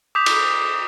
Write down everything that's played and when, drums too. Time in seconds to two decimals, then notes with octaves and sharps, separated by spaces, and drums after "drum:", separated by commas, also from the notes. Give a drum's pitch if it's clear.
0.15 D6 D#6 G6 B6 F7
0.26 drum: cymbal